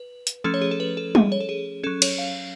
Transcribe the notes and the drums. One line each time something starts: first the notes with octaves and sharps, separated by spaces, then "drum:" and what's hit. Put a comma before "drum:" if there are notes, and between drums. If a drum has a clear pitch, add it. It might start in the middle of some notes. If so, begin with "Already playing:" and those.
Already playing: B4
drum: hi-hat
F3 A3 C#4 A4
C#5
G#4
A4
B4
A4
G#4, drum: tom G3
C#5
A4
G#4
F#3 C#4 A4
C#5, drum: cymbal
F5